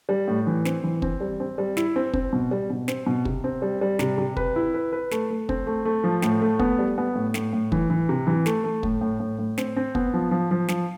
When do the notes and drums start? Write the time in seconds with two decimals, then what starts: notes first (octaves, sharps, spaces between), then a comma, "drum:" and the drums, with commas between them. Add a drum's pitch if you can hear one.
0.09 G3
0.28 A2
0.47 E3
0.65 C4, drum: snare
0.83 E3
1.02 C4, drum: kick
1.21 G3
1.40 C4
1.58 G3
1.77 E4, drum: snare
1.96 C4
2.13 C4, drum: kick
2.33 B2
2.51 G3
2.70 B2
2.88 C4, drum: snare
3.06 B2
3.25 C3, drum: kick
3.44 C4
3.62 G3
3.81 G3
3.99 C3, drum: snare
4.18 C3
4.37 B4, drum: kick
4.56 E4
4.74 B4
4.93 B4
5.11 A3, drum: snare
5.30 A3
5.49 C4, drum: kick
5.67 A3
5.85 A3
6.04 F3
6.22 A2, drum: snare
6.41 A3
6.59 B3, drum: kick
6.79 G3
6.98 B3
7.15 A2
7.34 A2, drum: snare
7.53 A2
7.72 E3, drum: kick
7.90 E3
8.09 C3
8.27 E3
8.46 A3, drum: snare
8.64 A3
8.83 A2, drum: kick
9.01 A2
9.20 A2
9.38 A2
9.58 C4, drum: snare
9.76 C4
9.95 B3, drum: kick
10.14 F3
10.31 F3
10.51 F3
10.68 F3, drum: snare